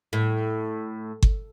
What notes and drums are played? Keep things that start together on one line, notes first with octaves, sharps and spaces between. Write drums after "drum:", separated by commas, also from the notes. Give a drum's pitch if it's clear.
A2
drum: kick G1